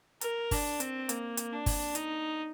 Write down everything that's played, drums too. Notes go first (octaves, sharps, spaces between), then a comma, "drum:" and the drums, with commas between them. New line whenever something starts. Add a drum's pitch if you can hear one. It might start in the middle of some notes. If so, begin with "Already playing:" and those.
A#4, drum: hi-hat
D4, drum: kick G1, open hi-hat
C4, drum: hi-hat
A#3, drum: hi-hat
drum: hi-hat
D4
drum: kick G1, open hi-hat
D#4, drum: hi-hat